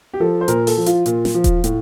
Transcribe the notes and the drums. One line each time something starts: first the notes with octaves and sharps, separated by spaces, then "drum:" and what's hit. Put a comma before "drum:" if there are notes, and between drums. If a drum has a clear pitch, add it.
G4
F3 A4
C5
A#2 A#4, drum: hi-hat
A4, drum: open hi-hat
F3
F4, drum: hi-hat
A#2, drum: hi-hat
drum: snare
F3
drum: kick D#1, hi-hat
A2, drum: hi-hat